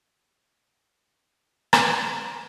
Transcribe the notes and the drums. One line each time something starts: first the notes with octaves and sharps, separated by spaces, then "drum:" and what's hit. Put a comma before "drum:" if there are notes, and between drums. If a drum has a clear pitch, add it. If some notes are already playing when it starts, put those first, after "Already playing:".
Already playing: C#2 C#3 F#3
G3
A#3
B3
E2 C#3 F#3
drum: rim click
D3